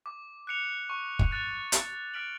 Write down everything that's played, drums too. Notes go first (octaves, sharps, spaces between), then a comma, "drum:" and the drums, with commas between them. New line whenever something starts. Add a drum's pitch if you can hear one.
D6
F#6 C#7 F7
C#6
drum: kick
F#6 A6 F7
C#6, drum: hi-hat
F6 B6 D7 F#7